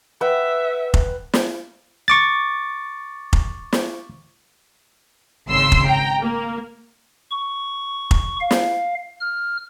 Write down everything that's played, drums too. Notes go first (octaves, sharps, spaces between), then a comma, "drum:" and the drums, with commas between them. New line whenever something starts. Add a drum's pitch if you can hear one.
B4 E5 F#5 G5
drum: kick F1
drum: snare
C#6 D6 A6
drum: kick F1
drum: snare
G#1 C#3 C6 E6 C7
drum: kick F1
G5 A#5
A#3
C#6
drum: kick F1
F5
drum: snare
F6